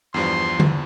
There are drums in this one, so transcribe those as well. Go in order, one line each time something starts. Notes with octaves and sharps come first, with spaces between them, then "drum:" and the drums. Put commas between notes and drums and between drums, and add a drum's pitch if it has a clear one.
E2 G2 F3 C6
drum: tom D3